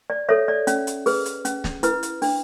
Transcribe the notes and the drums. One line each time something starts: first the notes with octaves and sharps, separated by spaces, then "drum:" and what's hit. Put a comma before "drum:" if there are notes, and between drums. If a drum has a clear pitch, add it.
D5
A4 C#5 E5
D5
C#4, drum: hi-hat
drum: hi-hat
G#4 B4, drum: open hi-hat
drum: hi-hat
C#4, drum: hi-hat
drum: snare
E4 B4, drum: hi-hat
drum: hi-hat
D4, drum: open hi-hat